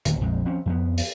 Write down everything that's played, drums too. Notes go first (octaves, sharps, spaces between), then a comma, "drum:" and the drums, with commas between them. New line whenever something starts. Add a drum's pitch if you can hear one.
D1 D#2, drum: hi-hat
A#1 F2 G#3
F3 C4 C#4
F2 F3 B3
drum: open hi-hat